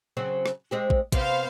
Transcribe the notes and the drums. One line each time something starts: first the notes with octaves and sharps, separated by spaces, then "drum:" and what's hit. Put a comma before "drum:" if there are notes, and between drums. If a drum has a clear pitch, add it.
C#3 F#3 C4
drum: rim click
G#3 C4 G4
drum: kick
C3 B3 C5 F5, drum: kick, hi-hat